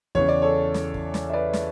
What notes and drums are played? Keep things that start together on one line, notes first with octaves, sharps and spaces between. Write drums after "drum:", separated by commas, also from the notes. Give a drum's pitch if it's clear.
E2 C#3 E3 C#5, drum: kick
D5
A4 C#5
drum: snare
drum: kick
drum: snare
E5
B4 D5
drum: snare